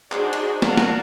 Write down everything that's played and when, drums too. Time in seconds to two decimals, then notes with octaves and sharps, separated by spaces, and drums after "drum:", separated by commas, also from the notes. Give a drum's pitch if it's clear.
0.12 D4 D#4 F#4 G#4 C5 D5, drum: clap
0.33 drum: cymbal
0.62 A#4 D5 F5 F#5 A5 A#5, drum: snare
0.77 drum: snare